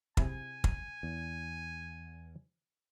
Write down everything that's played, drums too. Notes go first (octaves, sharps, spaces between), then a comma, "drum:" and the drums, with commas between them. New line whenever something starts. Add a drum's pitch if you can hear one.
C3 E4 G#4 G#5, drum: kick
drum: kick
E2